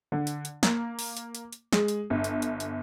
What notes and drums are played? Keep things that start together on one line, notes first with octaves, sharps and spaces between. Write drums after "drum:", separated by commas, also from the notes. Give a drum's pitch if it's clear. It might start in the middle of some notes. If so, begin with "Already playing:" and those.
D3
drum: hi-hat
drum: hi-hat
A#3, drum: snare
drum: open hi-hat
drum: hi-hat
drum: hi-hat
drum: hi-hat
G#3, drum: snare
drum: hi-hat
G1
drum: hi-hat
drum: hi-hat
drum: hi-hat